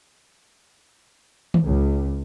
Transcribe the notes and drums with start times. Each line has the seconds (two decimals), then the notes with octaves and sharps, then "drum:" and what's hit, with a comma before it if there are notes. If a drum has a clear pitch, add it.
1.54 drum: tom D#3
1.64 C#2